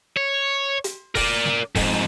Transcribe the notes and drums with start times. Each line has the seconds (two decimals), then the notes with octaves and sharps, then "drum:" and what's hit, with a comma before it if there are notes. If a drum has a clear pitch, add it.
0.17 C#5
0.84 drum: hi-hat
1.15 A#4 D5, drum: kick E1, open hi-hat
1.45 drum: snare
1.75 F2 G#2, drum: kick E1, open hi-hat